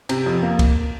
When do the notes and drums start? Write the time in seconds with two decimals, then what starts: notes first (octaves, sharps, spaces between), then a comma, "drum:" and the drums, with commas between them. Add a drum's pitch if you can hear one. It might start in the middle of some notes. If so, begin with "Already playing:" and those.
0.09 C3, drum: cymbal
0.26 F2
0.43 A#3
0.59 drum: kick C#2, cymbal